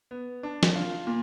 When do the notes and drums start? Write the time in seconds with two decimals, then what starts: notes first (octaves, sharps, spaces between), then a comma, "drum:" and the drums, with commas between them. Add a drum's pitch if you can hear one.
0.11 B3
0.43 D4
0.63 drum: snare
0.75 F4
1.07 A#2